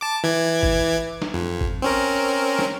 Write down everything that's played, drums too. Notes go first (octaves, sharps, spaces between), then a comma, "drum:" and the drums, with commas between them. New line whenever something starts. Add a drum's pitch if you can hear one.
A5 D6
E3 D6 G#6
drum: kick G1
drum: snare
F2
drum: kick G1
C4 C#4 A#4
drum: snare